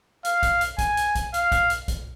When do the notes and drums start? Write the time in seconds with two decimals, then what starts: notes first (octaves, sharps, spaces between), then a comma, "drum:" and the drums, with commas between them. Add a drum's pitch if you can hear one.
0.25 F5, drum: hi-hat
0.43 drum: kick B1, hi-hat
0.61 drum: hi-hat
0.78 G#5, drum: kick B1, hi-hat
0.97 drum: hi-hat
1.15 drum: kick B1, hi-hat
1.34 F5, drum: hi-hat
1.52 drum: kick B1, hi-hat
1.70 drum: hi-hat
1.88 drum: kick B1, hi-hat